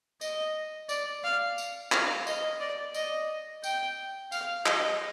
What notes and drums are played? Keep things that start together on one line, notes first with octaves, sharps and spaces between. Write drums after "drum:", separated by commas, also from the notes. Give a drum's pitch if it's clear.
D#5, drum: tambourine
D5, drum: tambourine
F5
drum: tambourine
F5, drum: clap
D#5, drum: tambourine
D5
D#5, drum: tambourine
G5, drum: tambourine
F5, drum: tambourine
D#5, drum: clap